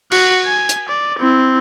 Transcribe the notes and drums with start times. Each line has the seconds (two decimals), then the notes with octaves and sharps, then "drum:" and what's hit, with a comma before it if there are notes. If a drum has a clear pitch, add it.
0.11 F#4 F#5, drum: cymbal
0.46 G#5
0.69 drum: hi-hat
0.88 D5
1.19 C4 E4